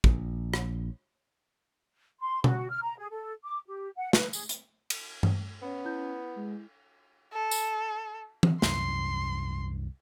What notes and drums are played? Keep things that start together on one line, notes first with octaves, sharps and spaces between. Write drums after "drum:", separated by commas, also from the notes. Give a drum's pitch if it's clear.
A#1, drum: kick
drum: rim click
C6
F#4, drum: tom B2
F6
A#5
G#4
A4
D6
G4
F#5
B4, drum: snare
G#4, drum: tambourine
drum: hi-hat
drum: cymbal
drum: tom G2
B3 C#4
E4 G6
G#3
A4
drum: tambourine
drum: tom E3
C2 F#2 E3 C6, drum: snare